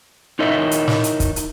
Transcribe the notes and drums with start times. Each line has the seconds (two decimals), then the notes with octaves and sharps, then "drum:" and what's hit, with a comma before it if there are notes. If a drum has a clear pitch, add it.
0.39 D#4 E4 A#4 C#5 D#5 E5
0.71 drum: hi-hat
0.88 drum: snare
1.04 drum: hi-hat
1.20 drum: kick, hi-hat
1.36 drum: hi-hat